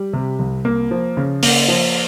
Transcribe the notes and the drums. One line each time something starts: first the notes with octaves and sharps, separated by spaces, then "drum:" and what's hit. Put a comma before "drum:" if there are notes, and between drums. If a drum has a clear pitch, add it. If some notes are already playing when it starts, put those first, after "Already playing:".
Already playing: G3
C3
C2
A#3
F3
C#3
A#3, drum: open hi-hat
F3